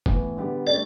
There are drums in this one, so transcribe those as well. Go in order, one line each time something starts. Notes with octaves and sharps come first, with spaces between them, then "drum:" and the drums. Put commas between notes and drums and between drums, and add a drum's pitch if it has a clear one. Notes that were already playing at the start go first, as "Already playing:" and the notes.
A2 E3 B3, drum: kick
D3 G3 B3 G4
A3 D4 A4 D5